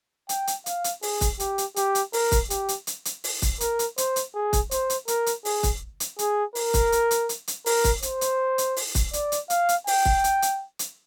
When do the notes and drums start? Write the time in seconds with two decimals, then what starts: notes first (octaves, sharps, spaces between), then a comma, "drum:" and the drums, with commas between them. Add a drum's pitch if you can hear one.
0.29 G5, drum: hi-hat
0.47 drum: hi-hat
0.66 F5, drum: hi-hat
0.84 drum: hi-hat
1.02 G#4, drum: open hi-hat
1.21 drum: kick, hi-hat
1.40 G4, drum: hi-hat
1.58 drum: hi-hat
1.76 G4, drum: hi-hat
1.95 drum: hi-hat
2.13 A#4, drum: open hi-hat
2.32 drum: kick, hi-hat
2.50 G4, drum: hi-hat
2.68 drum: hi-hat
2.87 drum: hi-hat
3.05 drum: hi-hat
3.24 drum: open hi-hat
3.42 drum: kick, hi-hat
3.60 A#4, drum: hi-hat
3.79 drum: hi-hat
3.98 C5, drum: hi-hat
4.16 drum: hi-hat
4.35 G#4
4.53 drum: kick, hi-hat
4.71 C5, drum: hi-hat
4.90 drum: hi-hat
5.08 A#4, drum: hi-hat
5.26 drum: hi-hat
5.45 G#4, drum: open hi-hat
5.63 drum: kick, hi-hat
6.00 drum: hi-hat
6.19 G#4, drum: hi-hat
6.55 A#4, drum: open hi-hat
6.74 drum: kick, hi-hat
6.92 drum: hi-hat
7.11 drum: hi-hat
7.29 drum: hi-hat
7.48 drum: hi-hat
7.66 A#4, drum: open hi-hat
7.84 drum: kick, hi-hat
8.02 C5, drum: hi-hat
8.21 drum: hi-hat
8.58 drum: hi-hat
8.76 drum: open hi-hat
8.95 drum: kick, hi-hat
9.13 D5, drum: hi-hat
9.32 drum: hi-hat
9.50 F5, drum: hi-hat
9.69 drum: hi-hat
9.87 G5, drum: open hi-hat
10.05 drum: kick
10.24 drum: hi-hat
10.42 drum: hi-hat
10.79 drum: hi-hat